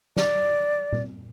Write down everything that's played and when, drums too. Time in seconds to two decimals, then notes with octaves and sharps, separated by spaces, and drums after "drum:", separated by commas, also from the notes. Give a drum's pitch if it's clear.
0.16 D5, drum: snare
0.93 drum: tom A#2